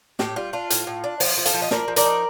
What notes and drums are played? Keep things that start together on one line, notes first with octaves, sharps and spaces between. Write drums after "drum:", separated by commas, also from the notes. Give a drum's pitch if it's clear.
A2 G4, drum: snare
G3 F4
D4 F4
A2, drum: hi-hat
A2
D4
F3 F4, drum: open hi-hat
F3
F4 A4, drum: hi-hat
F3
D#5
F3 A#4 D5, drum: snare
F3
A#4 D5, drum: hi-hat
D#4